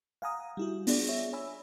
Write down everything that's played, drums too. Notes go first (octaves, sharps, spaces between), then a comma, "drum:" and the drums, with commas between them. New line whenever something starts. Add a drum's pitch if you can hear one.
F5 F#5 G#5 A#5 D#6
G3 E4 F#4
B3 D4 F4 G#4 D5, drum: open hi-hat
G#4 C#5 E5
C#5 G#5 B5 E6